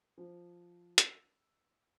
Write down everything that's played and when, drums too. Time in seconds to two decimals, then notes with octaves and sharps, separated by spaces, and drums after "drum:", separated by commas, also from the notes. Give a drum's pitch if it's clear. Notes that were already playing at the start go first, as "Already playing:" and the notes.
0.18 F3
0.98 E6, drum: hi-hat